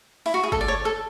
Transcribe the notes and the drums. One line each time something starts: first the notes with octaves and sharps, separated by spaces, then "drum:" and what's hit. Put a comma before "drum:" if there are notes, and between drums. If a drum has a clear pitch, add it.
E4, drum: open hi-hat
F#4
G#4
A4, drum: kick
D5
C#5
A4